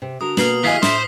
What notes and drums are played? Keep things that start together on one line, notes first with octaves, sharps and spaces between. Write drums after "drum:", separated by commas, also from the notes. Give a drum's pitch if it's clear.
C3
D3 F#4 A#4 D#6
B2 A#3 F6 C7 F#7, drum: snare
D#2 E4 F#4 G#4 D#5 F5 B6 C7
A2 C5 E5 D#6 B6, drum: snare